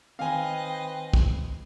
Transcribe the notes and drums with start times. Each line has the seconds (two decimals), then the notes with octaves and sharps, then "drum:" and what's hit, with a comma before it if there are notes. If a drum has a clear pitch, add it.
0.19 D#3 C4 B4 C5 D#5 F5 G5 G#5
1.13 drum: kick